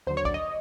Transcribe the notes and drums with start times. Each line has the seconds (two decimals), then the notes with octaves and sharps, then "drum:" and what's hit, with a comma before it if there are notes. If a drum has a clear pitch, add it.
0.07 D#2 D3 F#3 C5
0.17 C#5
0.25 D5, drum: kick
0.34 D#5